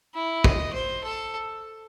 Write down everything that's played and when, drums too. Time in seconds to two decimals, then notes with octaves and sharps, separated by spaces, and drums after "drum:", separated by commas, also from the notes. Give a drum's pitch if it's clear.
0.15 E4
0.44 D#5, drum: kick
0.74 C5
1.04 A4